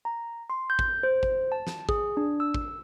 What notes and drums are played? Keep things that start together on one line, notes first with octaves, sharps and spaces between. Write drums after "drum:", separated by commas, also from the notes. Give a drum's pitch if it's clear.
A#5
C6
G6
drum: kick
C5
drum: kick
A5
drum: snare
G#4, drum: kick
D4
E6
drum: kick